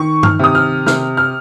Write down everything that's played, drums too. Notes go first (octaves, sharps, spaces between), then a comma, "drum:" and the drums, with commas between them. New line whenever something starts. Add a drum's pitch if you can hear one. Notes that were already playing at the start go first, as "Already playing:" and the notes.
Already playing: D#3 C#6
F6, drum: tom
C3 D#6
F6
C3 F6, drum: snare
F6